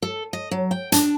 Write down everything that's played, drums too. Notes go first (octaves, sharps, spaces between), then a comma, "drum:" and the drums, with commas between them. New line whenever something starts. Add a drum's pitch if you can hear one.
A4
D#5
F#3
G5
D4, drum: hi-hat